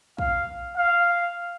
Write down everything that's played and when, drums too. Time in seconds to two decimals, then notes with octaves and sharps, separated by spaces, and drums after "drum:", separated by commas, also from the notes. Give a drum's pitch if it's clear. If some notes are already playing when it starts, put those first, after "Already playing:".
0.18 F5, drum: kick
0.76 F5